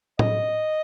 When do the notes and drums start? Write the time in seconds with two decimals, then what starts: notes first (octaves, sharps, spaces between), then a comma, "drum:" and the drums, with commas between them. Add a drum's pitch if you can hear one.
0.19 D#5, drum: tom A2